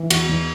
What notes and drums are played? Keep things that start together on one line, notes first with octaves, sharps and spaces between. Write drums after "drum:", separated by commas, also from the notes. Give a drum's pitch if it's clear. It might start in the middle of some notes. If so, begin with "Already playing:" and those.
Already playing: E3
E2 F#4, drum: cymbal
E2